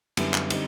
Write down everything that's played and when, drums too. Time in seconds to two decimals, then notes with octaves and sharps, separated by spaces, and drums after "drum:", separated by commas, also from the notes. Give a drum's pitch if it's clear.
0.17 F#2 D3 G3 B3 E4, drum: cymbal
0.34 drum: clap
0.50 D3 G3 C4 D#4, drum: cymbal